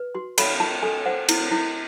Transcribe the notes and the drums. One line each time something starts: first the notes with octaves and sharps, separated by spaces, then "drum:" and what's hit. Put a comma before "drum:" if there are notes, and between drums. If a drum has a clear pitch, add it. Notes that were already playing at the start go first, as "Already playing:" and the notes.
Already playing: B4
F#4 C6
A4 B5, drum: cymbal
F4 A5
A4 G#5
C5 F#5
E4, drum: cymbal
E4